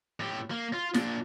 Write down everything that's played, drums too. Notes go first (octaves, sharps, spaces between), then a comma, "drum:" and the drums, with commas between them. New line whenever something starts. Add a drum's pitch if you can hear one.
A2 G4
A#3
F4
A#2 D4, drum: snare